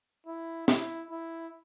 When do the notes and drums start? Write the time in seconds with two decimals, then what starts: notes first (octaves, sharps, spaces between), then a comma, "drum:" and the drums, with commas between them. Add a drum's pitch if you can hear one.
0.26 E4
0.68 E4, drum: snare
1.11 E4